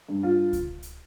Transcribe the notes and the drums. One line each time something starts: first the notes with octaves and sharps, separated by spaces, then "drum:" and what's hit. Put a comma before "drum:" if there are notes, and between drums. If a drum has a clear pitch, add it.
G2
F4
drum: kick C#2, hi-hat
drum: hi-hat